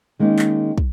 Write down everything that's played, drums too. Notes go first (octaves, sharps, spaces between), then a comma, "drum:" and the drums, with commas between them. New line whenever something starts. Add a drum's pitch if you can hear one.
D#3 G#3 A#3 C#4 D#4
drum: clap
drum: kick